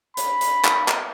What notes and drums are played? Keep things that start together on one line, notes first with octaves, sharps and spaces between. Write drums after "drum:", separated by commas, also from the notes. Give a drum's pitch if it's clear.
B5, drum: hi-hat
drum: hi-hat
drum: clap
drum: clap